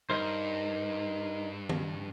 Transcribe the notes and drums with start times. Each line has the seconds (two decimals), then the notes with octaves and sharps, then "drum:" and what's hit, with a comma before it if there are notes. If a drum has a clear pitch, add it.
0.10 G2 D#4 A#4 C5
1.69 drum: tom D#3